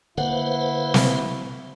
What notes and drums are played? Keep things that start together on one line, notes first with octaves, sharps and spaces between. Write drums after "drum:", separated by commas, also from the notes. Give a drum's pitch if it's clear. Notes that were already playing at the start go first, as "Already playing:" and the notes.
D3 A#3 E4 B4 C5 F5 F#5
drum: snare